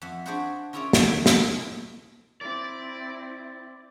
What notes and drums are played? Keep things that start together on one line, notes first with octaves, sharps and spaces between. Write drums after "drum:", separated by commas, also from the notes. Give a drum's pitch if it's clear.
F2 E5 F#5
D4 F#4 G#4 C5 F#5 B5
C#4 E4 F4 G#4 C#5 D5
B2 D#3 A3 B3 E5 A#5, drum: snare
drum: snare
C4 E4 D5